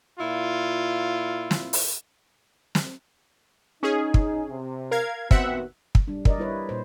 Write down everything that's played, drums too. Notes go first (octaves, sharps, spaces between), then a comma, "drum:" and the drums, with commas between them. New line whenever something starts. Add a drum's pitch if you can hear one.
A#2 E4 F4
drum: snare
drum: open hi-hat
drum: snare
C#4 D#4 G#4
drum: kick
C3
A#4 F5 G#6
D#2 B3 C4 F#4 E5 F#5, drum: kick
drum: kick
G3 D4
A#4 D5 D#5, drum: kick
G3 E4 B4 C#5
A#2 C5